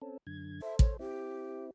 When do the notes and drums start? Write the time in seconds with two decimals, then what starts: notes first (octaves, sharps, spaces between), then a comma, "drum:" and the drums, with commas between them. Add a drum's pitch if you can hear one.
0.02 C4 C#4 A4
0.27 F#2 D3 G#6
0.62 A4 C5 E5
0.79 C#5, drum: kick
0.99 C4 E4 G4